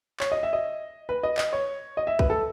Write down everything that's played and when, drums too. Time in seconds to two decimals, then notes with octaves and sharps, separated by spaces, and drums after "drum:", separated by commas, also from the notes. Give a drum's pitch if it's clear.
0.20 C#5, drum: clap
0.32 D#5
0.43 E5
0.53 D#5
1.09 B4
1.23 D#5
1.38 D#5, drum: clap
1.53 C#5
1.97 D#5
2.07 E5
2.19 B4, drum: kick A#1
2.30 A4